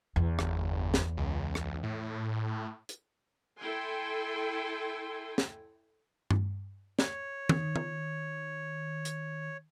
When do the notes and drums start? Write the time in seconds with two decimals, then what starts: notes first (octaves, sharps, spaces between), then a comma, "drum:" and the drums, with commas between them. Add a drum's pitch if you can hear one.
0.16 E2
0.39 G1, drum: rim click
0.94 drum: snare
1.17 C#2
1.55 drum: rim click
1.83 A2
2.89 drum: hi-hat
3.61 E4 A4 G5 G#5 C6
5.38 drum: snare
6.31 drum: tom G2
6.99 C#5, drum: snare
7.49 D#3, drum: tom D#3
7.76 drum: tom D#3
9.05 drum: hi-hat